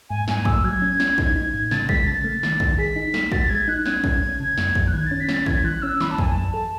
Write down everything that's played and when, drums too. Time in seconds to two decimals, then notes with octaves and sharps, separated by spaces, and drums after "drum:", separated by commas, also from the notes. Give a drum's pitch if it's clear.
0.09 G#2 G#5
0.28 G#2 G#5, drum: snare
0.45 A3 E6, drum: kick
0.64 F#3 G#6
0.82 C#4
1.00 C#4, drum: snare
1.18 D#4, drum: kick
1.36 D#4
1.54 A2
1.71 C#3 A6, drum: snare
1.89 G#3 B6, drum: kick
2.06 C#3 A6
2.24 A3
2.43 D#3, drum: snare
2.60 D#3, drum: kick
2.78 G#4 B6
2.96 D#4
3.14 A3, drum: snare
3.32 F#4 A6, drum: kick
3.49 G#3 G#6
3.68 D#4 F#6
3.86 C#4 G#6, drum: snare
4.04 C#4, drum: kick
4.22 C#4
4.40 C#3
4.57 F#2, drum: snare
4.75 F#2, drum: kick
4.87 F#6
4.93 D#3 G#6
5.06 C#4 A6
5.20 B6
5.29 C#4 A6, drum: snare
5.46 E3 G#6, drum: kick
5.64 E3 F#6
5.82 C#4 E6
6.00 E3 B5, drum: snare
6.11 A5
6.18 F#2 G#5, drum: kick
6.30 A5
6.36 F#2
6.54 A4